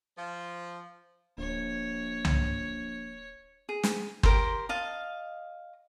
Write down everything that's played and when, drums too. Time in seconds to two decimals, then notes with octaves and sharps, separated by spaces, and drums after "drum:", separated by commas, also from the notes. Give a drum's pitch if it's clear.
0.17 F3
1.38 D1 A#1 C#5
2.25 drum: tom C2
3.69 G#4
3.83 drum: snare
4.23 G4 A#4 C5, drum: kick
4.69 D#5 F5 A5